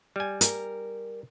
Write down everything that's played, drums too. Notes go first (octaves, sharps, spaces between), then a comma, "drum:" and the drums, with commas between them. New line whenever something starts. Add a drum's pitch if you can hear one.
G3 G#5
A#4, drum: hi-hat